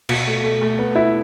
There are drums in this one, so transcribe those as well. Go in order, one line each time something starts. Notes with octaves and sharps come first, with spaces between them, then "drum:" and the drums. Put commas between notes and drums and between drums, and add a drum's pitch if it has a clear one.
B2, drum: cymbal
A3
A3
A3
B3
E4